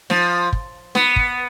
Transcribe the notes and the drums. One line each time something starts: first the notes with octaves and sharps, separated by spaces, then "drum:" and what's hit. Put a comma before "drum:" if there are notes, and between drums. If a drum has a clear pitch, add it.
F3, drum: snare
drum: kick
B3, drum: snare
drum: kick